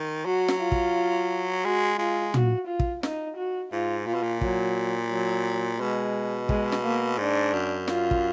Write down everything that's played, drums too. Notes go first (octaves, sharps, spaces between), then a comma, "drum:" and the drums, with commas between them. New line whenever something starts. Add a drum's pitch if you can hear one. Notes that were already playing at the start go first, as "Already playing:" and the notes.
Already playing: D#3
F#3 F#4
drum: snare
F4
drum: kick
G#3 F#4
G#3 F4
F#4, drum: tom
F4
drum: kick
D#4, drum: snare
F#4
G#2 F4
A#2 F4
B2
A#2
F#3, drum: kick
F#3
B2 G#3
G#3, drum: kick
drum: snare
A#3
G#2 D4
F#2
F4, drum: snare
drum: kick